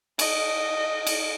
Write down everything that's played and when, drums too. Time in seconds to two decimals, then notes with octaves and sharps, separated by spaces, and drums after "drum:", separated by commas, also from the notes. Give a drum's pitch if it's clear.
0.19 D#5, drum: cymbal
1.07 drum: cymbal